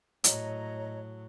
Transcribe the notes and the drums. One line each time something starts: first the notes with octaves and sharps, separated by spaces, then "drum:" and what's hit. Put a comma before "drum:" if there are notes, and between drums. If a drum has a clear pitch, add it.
A2 F#3 C#5 D#5 A#5, drum: hi-hat